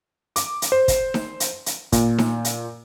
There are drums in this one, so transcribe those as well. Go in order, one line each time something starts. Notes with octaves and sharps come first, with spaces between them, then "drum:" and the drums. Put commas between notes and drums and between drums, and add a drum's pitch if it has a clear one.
D6, drum: hi-hat
drum: hi-hat
C5
drum: kick, hi-hat
drum: snare D#4
drum: hi-hat
drum: hi-hat
A#2, drum: kick, hi-hat
drum: snare D#4
drum: hi-hat